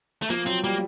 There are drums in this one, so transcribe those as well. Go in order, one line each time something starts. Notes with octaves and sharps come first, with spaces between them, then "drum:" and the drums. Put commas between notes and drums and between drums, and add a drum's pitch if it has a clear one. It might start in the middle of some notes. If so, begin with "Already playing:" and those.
A3
F3 A#3, drum: hi-hat
F#3 C4, drum: hi-hat
G3 A#3